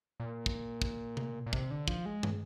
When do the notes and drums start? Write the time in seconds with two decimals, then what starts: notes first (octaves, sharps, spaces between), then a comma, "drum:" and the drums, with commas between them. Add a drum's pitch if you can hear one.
0.20 A#2
0.46 drum: kick
0.82 drum: kick
1.17 drum: tom C3
1.46 A#2
1.53 C3, drum: kick
1.71 D3
1.88 F3, drum: kick
2.06 G#3
2.23 drum: tom